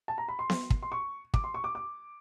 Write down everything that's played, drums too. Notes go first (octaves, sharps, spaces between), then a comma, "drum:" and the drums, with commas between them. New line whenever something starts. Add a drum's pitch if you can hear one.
A5
A#5
B5
C6
drum: snare B3
drum: kick
C6
C#6
D6, drum: kick
C6
C#6
D6
D6